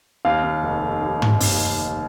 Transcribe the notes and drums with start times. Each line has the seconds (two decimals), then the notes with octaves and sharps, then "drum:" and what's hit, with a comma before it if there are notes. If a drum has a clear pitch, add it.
0.25 D#2 F5
0.43 D#2
0.63 F1
0.83 F1
1.02 D#2
1.22 F1, drum: tom
1.40 D#2, drum: open hi-hat